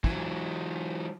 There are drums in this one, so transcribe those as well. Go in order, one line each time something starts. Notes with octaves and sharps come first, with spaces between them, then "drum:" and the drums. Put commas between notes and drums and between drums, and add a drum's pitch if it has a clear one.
E3 F#3, drum: kick